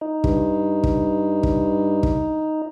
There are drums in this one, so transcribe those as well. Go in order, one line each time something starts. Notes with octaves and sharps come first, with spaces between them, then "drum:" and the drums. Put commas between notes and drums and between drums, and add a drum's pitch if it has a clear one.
D#4
G2, drum: kick
drum: kick
drum: kick
drum: kick